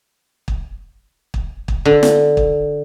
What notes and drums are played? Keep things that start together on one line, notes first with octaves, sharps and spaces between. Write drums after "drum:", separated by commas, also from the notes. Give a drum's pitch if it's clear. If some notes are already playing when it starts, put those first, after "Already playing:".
drum: kick
drum: kick
drum: kick
D3
drum: snare
drum: kick